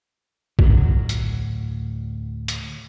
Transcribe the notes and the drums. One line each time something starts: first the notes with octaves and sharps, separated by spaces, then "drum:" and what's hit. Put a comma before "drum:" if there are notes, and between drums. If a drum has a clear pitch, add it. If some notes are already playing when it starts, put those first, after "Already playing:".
D2 A2 F#3, drum: kick
drum: hi-hat
drum: hi-hat